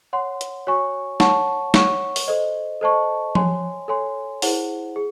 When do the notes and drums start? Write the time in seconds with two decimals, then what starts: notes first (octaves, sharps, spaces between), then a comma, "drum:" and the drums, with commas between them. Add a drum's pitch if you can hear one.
0.13 C#5 F#5 C6
0.41 drum: hi-hat
0.67 F#4 C#5 G#5 C#6
1.20 C#5 F#5 A5 C#6, drum: snare
1.74 C#5 F#5 C#6, drum: snare
2.16 drum: open hi-hat
2.28 A4 C5 D#5
2.81 A4 C5 D#5 A5 C#6
3.35 C#5 G#5 C6, drum: tom F3
3.88 A4 C#5 G#5 C6
4.42 E4 G#4 C5 F#5, drum: open hi-hat
4.96 G#4